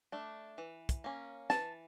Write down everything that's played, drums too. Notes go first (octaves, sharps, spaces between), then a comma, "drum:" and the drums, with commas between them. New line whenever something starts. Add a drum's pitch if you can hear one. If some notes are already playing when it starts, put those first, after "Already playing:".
A3 D4
E3
drum: kick, hi-hat
A#3 C#4
E3 A5, drum: snare